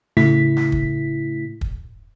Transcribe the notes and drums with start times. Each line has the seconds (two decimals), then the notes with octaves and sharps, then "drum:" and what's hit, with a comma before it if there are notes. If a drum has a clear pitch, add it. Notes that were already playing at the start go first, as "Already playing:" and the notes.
0.17 A2 C#3 A3 E4 B6, drum: snare
0.57 drum: snare
0.72 drum: kick
1.61 drum: kick